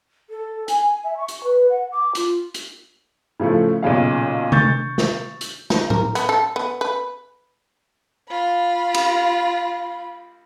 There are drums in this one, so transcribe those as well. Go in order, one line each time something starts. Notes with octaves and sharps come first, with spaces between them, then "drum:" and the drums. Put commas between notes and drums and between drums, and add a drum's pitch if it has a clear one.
A4
G#5, drum: hi-hat
E5
C#6
drum: hi-hat
B4
F#5
D6
F4, drum: hi-hat
drum: hi-hat
A2 C#3 F3 A3
B1 A#2 C#3 F5
C#6 G6 A6, drum: tom C3
drum: snare
drum: hi-hat
D#4, drum: snare
A#4, drum: tom A2
B3, drum: hi-hat
A4
B3
B4
F4 B5
drum: cymbal